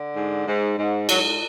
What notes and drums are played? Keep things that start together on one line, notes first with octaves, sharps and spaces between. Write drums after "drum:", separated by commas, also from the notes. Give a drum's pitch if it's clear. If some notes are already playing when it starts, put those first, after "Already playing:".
Already playing: D3
G#2
G#2
G#2
G#2 F#3, drum: cymbal